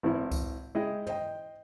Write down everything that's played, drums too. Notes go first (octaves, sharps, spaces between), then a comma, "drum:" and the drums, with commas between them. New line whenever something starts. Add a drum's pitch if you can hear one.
G#1 E3 E4
drum: kick C2, tambourine
G#3 E4 D#5 G5
C5 D#5 G5, drum: tom